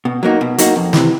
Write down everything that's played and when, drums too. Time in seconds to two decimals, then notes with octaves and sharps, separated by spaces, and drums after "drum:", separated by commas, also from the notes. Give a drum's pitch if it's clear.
0.05 B2
0.23 F#3 A#3 D#4 F#4
0.41 B2
0.58 F#3 A#3 D#4 F#4, drum: hi-hat
0.76 F2
0.93 C3 E3, drum: snare